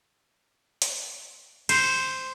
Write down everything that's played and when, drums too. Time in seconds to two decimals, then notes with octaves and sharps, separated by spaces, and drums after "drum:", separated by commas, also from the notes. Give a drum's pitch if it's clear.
0.82 drum: hi-hat
1.69 C5, drum: cymbal